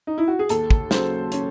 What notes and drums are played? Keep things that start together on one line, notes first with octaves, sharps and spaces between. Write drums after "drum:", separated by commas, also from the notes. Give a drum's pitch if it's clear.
D#4
E4
F#4
G#4
D#2 A4, drum: hi-hat
drum: kick
C#3 F#3 C5, drum: snare
C#4, drum: hi-hat